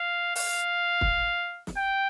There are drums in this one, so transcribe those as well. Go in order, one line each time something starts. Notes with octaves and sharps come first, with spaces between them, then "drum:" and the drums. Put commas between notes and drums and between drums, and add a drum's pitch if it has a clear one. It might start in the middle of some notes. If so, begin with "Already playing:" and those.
Already playing: F5
F5, drum: open hi-hat
drum: kick
drum: snare
G5